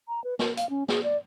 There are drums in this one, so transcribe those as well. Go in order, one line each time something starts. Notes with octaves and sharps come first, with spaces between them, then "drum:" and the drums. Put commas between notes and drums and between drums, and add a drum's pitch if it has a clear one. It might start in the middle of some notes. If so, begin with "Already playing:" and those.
A#5
B4
A#4, drum: snare
F5, drum: hi-hat
C#4
G#4, drum: snare
D5